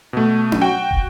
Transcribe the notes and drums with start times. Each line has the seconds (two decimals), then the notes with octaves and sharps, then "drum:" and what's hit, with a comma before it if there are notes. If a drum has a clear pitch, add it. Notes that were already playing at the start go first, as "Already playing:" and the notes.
0.13 B2 A3
0.52 drum: tom C#4
0.61 F#4 G5
0.91 drum: kick